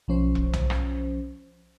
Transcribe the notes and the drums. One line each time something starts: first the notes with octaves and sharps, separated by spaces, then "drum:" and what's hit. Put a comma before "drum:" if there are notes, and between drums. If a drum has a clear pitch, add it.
B1 F3 C#4 C5
drum: kick E1
drum: tom C2
drum: rim click